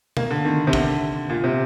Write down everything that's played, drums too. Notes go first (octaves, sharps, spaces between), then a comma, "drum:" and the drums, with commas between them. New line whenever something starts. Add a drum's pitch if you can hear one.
A#3, drum: tom B2
D3
D#3
C3
D3, drum: kick
A#2
C3